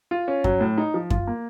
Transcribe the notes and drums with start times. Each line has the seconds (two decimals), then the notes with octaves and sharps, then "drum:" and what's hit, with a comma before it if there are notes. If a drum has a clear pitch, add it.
0.11 F4
0.28 C#4
0.44 F#3, drum: kick F#2
0.61 A2
0.78 D#4
0.94 F3
1.11 F4, drum: kick F#2
1.27 A#3